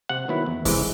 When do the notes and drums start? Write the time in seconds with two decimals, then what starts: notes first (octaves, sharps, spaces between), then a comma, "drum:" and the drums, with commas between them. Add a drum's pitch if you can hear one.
0.09 C3 F#5
0.28 D#3 F#3 B3 E4
0.46 E2
0.65 C3 E3 G#3, drum: kick, open hi-hat